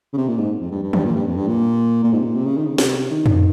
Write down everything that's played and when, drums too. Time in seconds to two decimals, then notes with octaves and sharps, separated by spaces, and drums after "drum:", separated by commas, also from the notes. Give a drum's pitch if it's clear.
0.13 C#3
0.17 C3
0.28 A#2
0.38 G#2
0.60 F2
0.71 G2
0.83 G2
0.93 G2, drum: tom D#3
1.04 A#2
1.16 G2
1.26 F2
1.37 G2
1.47 A#2
2.04 A#2
2.13 G#2
2.19 C3
2.24 A#2
2.35 C3
2.46 C#3
2.57 D#3
2.67 C#3
2.78 C3, drum: snare
3.11 D#3
3.26 drum: tom F2